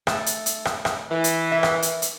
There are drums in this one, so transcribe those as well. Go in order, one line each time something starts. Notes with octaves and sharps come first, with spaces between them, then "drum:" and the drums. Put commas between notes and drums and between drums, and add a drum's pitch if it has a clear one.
A3, drum: rim click
drum: hi-hat
drum: hi-hat
drum: rim click
drum: rim click
E3
drum: hi-hat
A#4 E5
drum: rim click
drum: hi-hat
drum: hi-hat